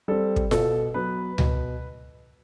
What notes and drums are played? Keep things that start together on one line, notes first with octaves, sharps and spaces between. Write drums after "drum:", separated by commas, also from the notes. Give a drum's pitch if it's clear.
G3 C4 A4
drum: kick
B2 A4, drum: snare F4
F#3 B3 B4
B2, drum: tom C#2